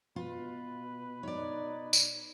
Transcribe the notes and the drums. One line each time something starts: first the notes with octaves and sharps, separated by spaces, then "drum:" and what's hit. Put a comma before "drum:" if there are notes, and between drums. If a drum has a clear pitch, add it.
B2 F4 B4
D#4 C#5 D5
drum: tambourine